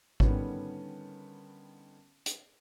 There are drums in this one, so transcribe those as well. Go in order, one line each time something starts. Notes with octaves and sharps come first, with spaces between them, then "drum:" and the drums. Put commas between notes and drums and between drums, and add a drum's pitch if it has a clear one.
D3 D#3 G3 B3 C#4, drum: kick G#1
drum: hi-hat